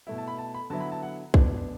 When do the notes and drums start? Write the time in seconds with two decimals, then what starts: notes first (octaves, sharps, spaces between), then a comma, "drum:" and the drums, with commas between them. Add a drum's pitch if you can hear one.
0.07 B2 A3 E4
0.18 A5
0.28 B5
0.38 A5
0.54 B5
0.70 D3 F#3 B3 E4 A5
0.80 B5
0.92 A5
1.03 F#5
1.34 B2 B3 D4, drum: kick